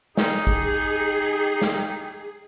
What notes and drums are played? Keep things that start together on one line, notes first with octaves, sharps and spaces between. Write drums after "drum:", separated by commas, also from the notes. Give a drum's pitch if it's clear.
D#4 G4 G#4, drum: snare
drum: kick A1
drum: snare